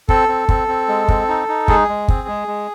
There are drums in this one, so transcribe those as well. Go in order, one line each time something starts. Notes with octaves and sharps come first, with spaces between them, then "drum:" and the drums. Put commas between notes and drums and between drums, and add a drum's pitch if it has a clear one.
C4 A4, drum: kick
C4
C4, drum: kick
C4
G#3
C4, drum: kick
D#4
D#4
G#3 G#4, drum: kick
G#3
C4, drum: kick
G#3
G#3